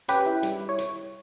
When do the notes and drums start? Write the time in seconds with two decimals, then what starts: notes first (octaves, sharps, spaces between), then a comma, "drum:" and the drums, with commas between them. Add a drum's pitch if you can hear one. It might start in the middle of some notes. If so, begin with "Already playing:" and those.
0.08 C#4 G4 B4, drum: hi-hat
0.26 E4
0.43 G3, drum: hi-hat
0.61 E4
0.69 C#5
0.78 drum: hi-hat